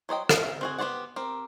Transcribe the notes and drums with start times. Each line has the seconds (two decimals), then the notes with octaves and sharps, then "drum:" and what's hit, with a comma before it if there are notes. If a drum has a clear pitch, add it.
0.09 F#3 C5 D#5 G5
0.29 G#3, drum: rim click
0.43 E5
0.61 C4 F#4 G#4
0.78 B3 G4 C5 D5 F#5
1.16 C4 G4 A#4